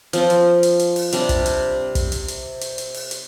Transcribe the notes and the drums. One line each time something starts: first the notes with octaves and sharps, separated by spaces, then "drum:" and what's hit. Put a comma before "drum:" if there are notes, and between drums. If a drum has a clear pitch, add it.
F3 C4 F4, drum: hi-hat
drum: hi-hat
drum: hi-hat
drum: hi-hat
drum: open hi-hat
C3 G3 D4, drum: hi-hat
drum: kick, hi-hat
drum: hi-hat
drum: kick, hi-hat
drum: hi-hat
drum: hi-hat
drum: hi-hat
drum: hi-hat
drum: open hi-hat
drum: hi-hat